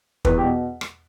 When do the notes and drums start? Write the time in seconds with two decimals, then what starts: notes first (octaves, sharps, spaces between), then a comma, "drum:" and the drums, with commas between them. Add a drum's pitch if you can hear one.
0.25 E2 B4, drum: kick
0.38 G4
0.43 B2
0.81 drum: rim click